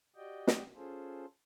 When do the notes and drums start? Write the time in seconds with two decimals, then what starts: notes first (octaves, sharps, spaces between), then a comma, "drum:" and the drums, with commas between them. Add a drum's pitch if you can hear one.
0.16 F#4 G4 D5 D#5 G5
0.47 drum: snare
0.75 C#4 F4 G#4 A4 C5